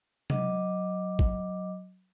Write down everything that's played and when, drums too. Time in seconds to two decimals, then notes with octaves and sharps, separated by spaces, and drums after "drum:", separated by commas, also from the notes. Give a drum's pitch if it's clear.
0.30 F#3 D#5 D6, drum: tom C3
1.19 drum: kick A1